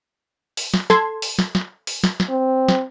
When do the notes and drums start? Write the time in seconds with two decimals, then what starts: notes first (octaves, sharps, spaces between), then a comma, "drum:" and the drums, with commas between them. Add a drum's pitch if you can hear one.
0.57 drum: open hi-hat
0.74 drum: snare
0.90 A4 C6 G#6, drum: snare
1.22 drum: open hi-hat
1.39 drum: snare
1.55 drum: snare
1.87 drum: open hi-hat
2.04 drum: snare
2.20 drum: snare
2.30 C4
2.68 drum: snare